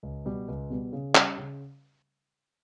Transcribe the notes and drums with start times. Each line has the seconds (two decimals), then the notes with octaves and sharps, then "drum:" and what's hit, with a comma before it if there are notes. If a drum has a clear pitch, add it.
0.03 C#2
0.25 B2 G3 B3
0.48 C#2
0.70 B2 G3 B3
0.93 C#3
1.15 G3 C#4, drum: clap
1.38 C#3